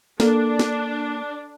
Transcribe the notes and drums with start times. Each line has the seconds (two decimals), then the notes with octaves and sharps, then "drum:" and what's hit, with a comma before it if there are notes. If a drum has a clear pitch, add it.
0.20 A#3 D4 A4, drum: snare
0.59 drum: snare